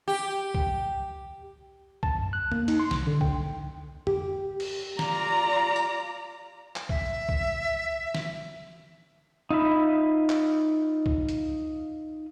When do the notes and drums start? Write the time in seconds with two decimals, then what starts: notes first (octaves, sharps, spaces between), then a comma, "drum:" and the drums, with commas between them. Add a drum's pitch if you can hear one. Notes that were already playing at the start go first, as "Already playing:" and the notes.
0.08 G4
0.54 drum: kick C2
2.03 A5, drum: kick C2
2.19 F#2
2.33 F#6
2.52 A#3, drum: tom F2
2.68 D#4, drum: cymbal
2.80 C6
2.91 C2, drum: snare
3.07 D3
3.21 G5, drum: kick C2
4.07 G4, drum: tom F2
4.60 drum: cymbal
4.99 F4 D5 A#5, drum: snare
5.76 drum: tambourine
6.76 drum: clap
6.89 E5, drum: kick C2
7.29 drum: kick C2
8.15 drum: snare
9.51 D#4 F4 E5 B5
10.29 drum: clap
11.06 drum: kick C2
11.29 drum: hi-hat